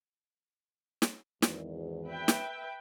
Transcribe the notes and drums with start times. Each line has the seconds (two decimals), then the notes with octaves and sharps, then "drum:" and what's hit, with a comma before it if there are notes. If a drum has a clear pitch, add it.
1.02 drum: snare
1.42 G#1 E2, drum: snare
2.07 B4 E5 G5
2.28 drum: snare